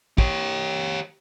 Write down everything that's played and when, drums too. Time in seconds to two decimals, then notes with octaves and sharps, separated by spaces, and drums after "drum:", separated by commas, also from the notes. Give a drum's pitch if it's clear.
0.18 G4 C#5, drum: kick